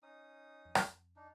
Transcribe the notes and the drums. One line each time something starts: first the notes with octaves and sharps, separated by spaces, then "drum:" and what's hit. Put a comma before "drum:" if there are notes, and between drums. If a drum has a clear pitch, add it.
C#4 D#4 D#6
F2
drum: rim click
D4 D#4